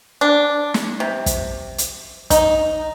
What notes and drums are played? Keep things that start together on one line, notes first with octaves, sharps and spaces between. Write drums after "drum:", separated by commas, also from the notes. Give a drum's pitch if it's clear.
D4
drum: snare
C3
drum: kick, hi-hat
drum: hi-hat
D#4, drum: kick, hi-hat